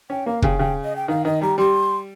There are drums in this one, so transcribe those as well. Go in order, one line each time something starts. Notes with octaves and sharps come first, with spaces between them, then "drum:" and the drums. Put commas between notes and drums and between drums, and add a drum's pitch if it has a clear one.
C#4 G5
A#3 F5
C#3 G5, drum: kick
C#3 G5
D#5
G5
D#3 F5
D#3 D#5
G3 A#5
G3 C6